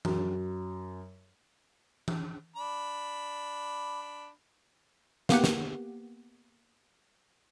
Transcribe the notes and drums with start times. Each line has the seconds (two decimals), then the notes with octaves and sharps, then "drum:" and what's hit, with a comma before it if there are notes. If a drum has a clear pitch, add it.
0.05 F#2, drum: tom E3
2.08 drum: tom E3
2.56 D4 B5
5.29 A#3 B3 G4 F#5, drum: snare
5.44 drum: snare